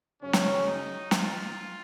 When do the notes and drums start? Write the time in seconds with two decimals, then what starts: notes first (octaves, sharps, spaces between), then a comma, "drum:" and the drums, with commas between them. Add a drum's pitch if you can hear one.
0.21 F#2 C#3 C#4
0.33 drum: snare
0.66 D#4
1.11 F4, drum: snare